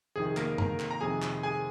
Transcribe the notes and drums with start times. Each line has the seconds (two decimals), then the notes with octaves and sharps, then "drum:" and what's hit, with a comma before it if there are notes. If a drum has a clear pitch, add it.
0.16 F2 C3 D#3 G#4
0.27 G#4
0.37 A#3 A#4, drum: clap
0.58 A#4 A#5, drum: tom F#2
0.80 drum: clap
0.91 A#5
1.01 F2 C3 D#3 G#4 G#5
1.22 drum: clap
1.43 G#4 G#5